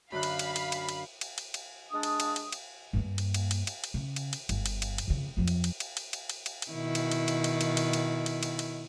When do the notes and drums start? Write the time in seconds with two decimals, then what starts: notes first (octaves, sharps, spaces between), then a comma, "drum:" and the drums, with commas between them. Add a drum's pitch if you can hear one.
0.12 F#2 D3 F5 B5 F#6
0.23 drum: cymbal
0.39 drum: cymbal
0.56 drum: cymbal
0.72 drum: cymbal
0.89 drum: cymbal
1.21 drum: cymbal
1.38 drum: cymbal
1.54 drum: cymbal
1.92 G#3 D4 D#6
2.03 drum: cymbal
2.20 drum: cymbal
2.36 drum: cymbal
2.52 drum: cymbal
2.93 G2 A#3
3.18 drum: cymbal
3.34 drum: cymbal
3.51 drum: cymbal
3.67 drum: cymbal
3.84 drum: cymbal
3.94 C#3
4.16 drum: cymbal
4.33 drum: cymbal
4.49 G1, drum: cymbal
4.66 drum: cymbal
4.82 drum: cymbal
4.98 drum: cymbal
5.07 F1 C#3
5.37 F2 F3
5.48 drum: cymbal
5.64 drum: cymbal
5.80 drum: cymbal
5.97 drum: cymbal
6.13 drum: cymbal
6.29 drum: cymbal
6.46 drum: cymbal
6.62 drum: cymbal
6.71 B2 D#3 E4
6.95 drum: cymbal
7.11 drum: cymbal
7.28 drum: cymbal
7.44 drum: cymbal
7.61 drum: cymbal
7.77 drum: cymbal
7.93 drum: cymbal
8.26 drum: cymbal
8.43 drum: cymbal
8.59 drum: cymbal